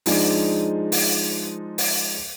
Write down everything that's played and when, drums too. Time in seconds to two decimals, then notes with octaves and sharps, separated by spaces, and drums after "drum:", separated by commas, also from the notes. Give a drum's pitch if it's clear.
0.06 F3 G#3 D4 D#4 G#4, drum: open hi-hat
0.92 drum: open hi-hat
1.78 drum: open hi-hat